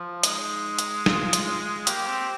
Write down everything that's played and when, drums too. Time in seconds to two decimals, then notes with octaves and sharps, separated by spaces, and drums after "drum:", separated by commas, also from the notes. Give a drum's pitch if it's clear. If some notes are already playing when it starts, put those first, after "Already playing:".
Already playing: F3
0.23 G#3 D#4, drum: hi-hat
0.79 drum: hi-hat
1.06 F4, drum: snare
1.33 drum: hi-hat
1.87 A#3 G4, drum: hi-hat
2.07 C4